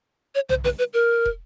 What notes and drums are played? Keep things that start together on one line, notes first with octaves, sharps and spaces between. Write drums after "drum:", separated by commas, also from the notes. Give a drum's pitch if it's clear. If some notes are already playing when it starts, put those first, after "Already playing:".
C#5
C5, drum: tom B1
B4, drum: snare
B4
A#4
drum: kick